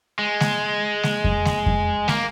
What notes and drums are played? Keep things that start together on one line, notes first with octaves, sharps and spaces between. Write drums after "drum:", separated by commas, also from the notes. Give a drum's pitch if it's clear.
G#3
drum: snare G#3
drum: snare G#3
drum: kick F2
drum: snare G#3
drum: kick F2
A#3, drum: snare G#3